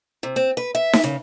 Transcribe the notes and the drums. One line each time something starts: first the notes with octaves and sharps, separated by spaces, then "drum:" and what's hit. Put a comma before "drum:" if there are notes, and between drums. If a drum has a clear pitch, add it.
C3
C4
B4
E5
drum: snare D#4
C#3